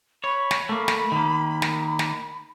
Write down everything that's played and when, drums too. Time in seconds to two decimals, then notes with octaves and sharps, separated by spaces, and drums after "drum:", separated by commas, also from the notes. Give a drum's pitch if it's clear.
0.24 C#5 B5
0.51 drum: snare
0.69 A3 A#3
0.88 drum: snare
1.12 D#3 A#3
1.62 drum: snare
1.99 drum: snare